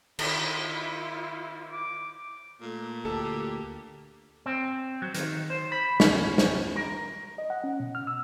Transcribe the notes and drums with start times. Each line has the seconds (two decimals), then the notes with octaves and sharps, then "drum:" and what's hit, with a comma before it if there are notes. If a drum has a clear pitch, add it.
0.19 D#3 E4 F4, drum: cymbal
1.72 D6
2.62 A#2 A3
3.05 D2 G4 A4
4.46 C4
5.02 F#3
5.14 D#3, drum: hi-hat
5.50 C5
5.72 B5
6.00 C#4, drum: snare
6.38 drum: snare
6.76 A#4
7.38 D#5
7.50 F#5
7.64 C#4
7.80 B2
7.95 F6
8.07 E6